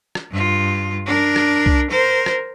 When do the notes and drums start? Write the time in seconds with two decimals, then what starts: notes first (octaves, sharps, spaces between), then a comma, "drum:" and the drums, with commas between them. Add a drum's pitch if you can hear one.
0.15 drum: rim click
0.31 G2 F4
1.06 D4 A#4
1.36 drum: rim click
1.66 drum: kick C2
1.90 A#4 C5
2.26 drum: rim click